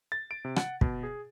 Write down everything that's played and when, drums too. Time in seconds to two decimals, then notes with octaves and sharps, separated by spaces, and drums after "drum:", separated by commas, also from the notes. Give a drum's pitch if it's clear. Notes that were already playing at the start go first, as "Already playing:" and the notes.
0.12 A6
0.31 D7
0.45 C3
0.56 F#5, drum: rim click
0.81 B2, drum: kick
1.03 G#4